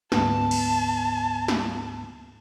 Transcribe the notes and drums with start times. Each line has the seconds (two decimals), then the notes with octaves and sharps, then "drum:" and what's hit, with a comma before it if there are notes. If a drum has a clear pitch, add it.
0.12 D2 G#2 B3 A5, drum: snare
0.51 drum: cymbal
1.48 drum: snare